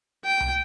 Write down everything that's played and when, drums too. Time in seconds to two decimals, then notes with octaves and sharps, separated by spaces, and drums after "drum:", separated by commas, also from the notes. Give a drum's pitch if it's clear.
0.25 G5
0.40 drum: tom C2